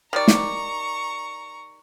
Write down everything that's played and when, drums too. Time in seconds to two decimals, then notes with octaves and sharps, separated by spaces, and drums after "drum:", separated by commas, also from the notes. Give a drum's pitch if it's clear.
0.13 D#3 G3 D5 A#5 C#6
0.28 drum: snare